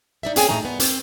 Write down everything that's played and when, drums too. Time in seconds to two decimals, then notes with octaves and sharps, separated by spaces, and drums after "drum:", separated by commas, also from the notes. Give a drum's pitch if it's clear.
0.23 D#4 D5 E5
0.36 C4 C#4 G#4 C#5 G5 G#5, drum: hi-hat
0.49 A2 A3 D#4 A#5
0.62 A#2 B3
0.80 C4, drum: hi-hat